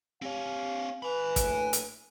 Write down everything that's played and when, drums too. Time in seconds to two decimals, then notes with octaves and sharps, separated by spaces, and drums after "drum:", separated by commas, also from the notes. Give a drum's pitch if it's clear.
0.22 C4 G4 C#5 F5
1.03 B4 G#5 B5
1.36 A#1 A2, drum: kick, hi-hat
1.73 drum: hi-hat